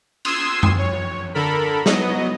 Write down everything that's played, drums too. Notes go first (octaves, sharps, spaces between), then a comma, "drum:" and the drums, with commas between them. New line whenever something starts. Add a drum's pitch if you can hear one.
C6 D#6 E6 G#6 C7 E7, drum: cymbal
drum: tom F#2
C#5
D3 A4 A#4 B5
F#3 B3 D#5, drum: snare